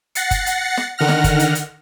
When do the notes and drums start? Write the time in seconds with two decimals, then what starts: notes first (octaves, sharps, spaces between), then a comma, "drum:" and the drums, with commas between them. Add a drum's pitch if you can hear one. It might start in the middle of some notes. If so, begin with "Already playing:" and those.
0.15 F#5 A6 A#6 C7 C#7, drum: hi-hat
0.31 drum: kick F#1, hi-hat
0.46 drum: hi-hat
0.77 drum: snare
0.98 D3 D#3 F#5 F6 A#6
1.08 drum: snare
1.24 drum: kick F#1, hi-hat
1.39 drum: hi-hat
1.55 drum: hi-hat